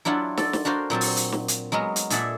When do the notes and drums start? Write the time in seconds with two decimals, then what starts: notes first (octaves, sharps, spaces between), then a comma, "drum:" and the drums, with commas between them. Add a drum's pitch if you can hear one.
0.05 F#3 D4 E4 F4 F#5
0.37 A4 D5, drum: snare
0.53 drum: snare
0.65 D4 F#4 A#4 C5 F5
0.90 A#2 F#3 C4 A5
1.01 drum: open hi-hat
1.17 drum: hi-hat
1.32 drum: snare
1.48 drum: hi-hat
1.72 F#3 G#3 B3 A#4
1.96 drum: hi-hat
2.10 A#2 G#4 A4 D5 E5 F#5, drum: hi-hat